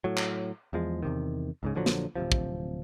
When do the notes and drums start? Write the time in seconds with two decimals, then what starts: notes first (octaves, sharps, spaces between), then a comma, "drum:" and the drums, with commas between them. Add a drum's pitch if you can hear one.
0.04 A2 F#3
0.17 drum: clap
0.73 E2 F3 G#3
1.03 E2 C3 D#3
1.63 C#2 G#2 C#3
1.75 A#1 D3 F3 F#3
1.86 drum: snare
2.16 D1 B1 C3 F3
2.32 drum: kick